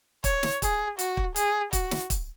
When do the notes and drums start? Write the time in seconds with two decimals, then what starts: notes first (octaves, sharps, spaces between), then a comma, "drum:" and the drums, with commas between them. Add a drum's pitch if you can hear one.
0.24 C#5, drum: kick, hi-hat
0.43 drum: snare
0.62 G#4, drum: kick, hi-hat
0.99 F#4, drum: hi-hat
1.17 drum: kick
1.36 G#4, drum: hi-hat
1.73 F#4, drum: kick, hi-hat
1.91 drum: snare
2.10 drum: kick, hi-hat